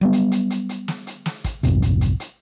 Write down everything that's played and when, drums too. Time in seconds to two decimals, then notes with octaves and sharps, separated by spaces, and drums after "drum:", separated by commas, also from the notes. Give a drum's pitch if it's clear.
0.01 F#3 G3 B3
0.13 drum: hi-hat
0.31 drum: hi-hat
0.50 drum: hi-hat
0.69 drum: hi-hat
0.88 drum: snare
1.07 drum: hi-hat
1.26 drum: snare
1.44 drum: kick, hi-hat
1.63 A#1 E2 G2 C3, drum: hi-hat
1.82 drum: hi-hat
2.01 drum: hi-hat
2.20 drum: hi-hat